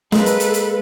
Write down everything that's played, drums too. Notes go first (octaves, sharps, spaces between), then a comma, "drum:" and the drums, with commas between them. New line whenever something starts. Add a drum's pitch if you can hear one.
G#3 A#3 A4 B4, drum: snare
drum: hi-hat
drum: hi-hat
drum: hi-hat